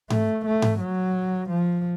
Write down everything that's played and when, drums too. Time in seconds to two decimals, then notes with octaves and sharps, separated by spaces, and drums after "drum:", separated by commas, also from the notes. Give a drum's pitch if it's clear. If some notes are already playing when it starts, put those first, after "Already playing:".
0.10 A3, drum: tom G#2
0.46 A3
0.62 drum: tom G#2
0.80 F#3
1.50 F3